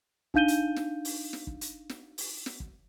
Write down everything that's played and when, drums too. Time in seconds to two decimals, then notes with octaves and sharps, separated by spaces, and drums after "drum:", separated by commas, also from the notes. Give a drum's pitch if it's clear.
0.34 D4 D#4 F5 G6 D#7 G7, drum: kick F#1
0.48 drum: hi-hat
0.76 drum: snare
1.05 drum: open hi-hat
1.33 drum: snare
1.47 drum: kick F#1
1.61 drum: hi-hat
1.89 drum: snare
2.18 drum: open hi-hat
2.46 drum: snare
2.60 drum: kick F#1